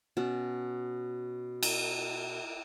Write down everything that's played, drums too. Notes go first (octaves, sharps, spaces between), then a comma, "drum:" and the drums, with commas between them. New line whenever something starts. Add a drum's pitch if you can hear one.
B2 C#4 F#4 A5
drum: cymbal